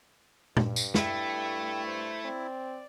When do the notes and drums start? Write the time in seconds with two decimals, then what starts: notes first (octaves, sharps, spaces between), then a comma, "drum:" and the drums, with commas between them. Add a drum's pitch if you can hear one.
0.57 G2, drum: tom A#2
0.76 drum: tambourine
0.95 A3 E4 G5, drum: snare
1.86 C5
2.25 C4 D5